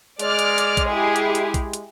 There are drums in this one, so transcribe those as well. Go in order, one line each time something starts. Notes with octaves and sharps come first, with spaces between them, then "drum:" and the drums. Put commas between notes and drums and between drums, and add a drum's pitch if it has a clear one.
G#3 D5 F6, drum: hi-hat
drum: hi-hat
drum: hi-hat
drum: kick A#1, hi-hat
E4 G4 G#4
drum: hi-hat
drum: hi-hat
drum: kick A#1, hi-hat
drum: hi-hat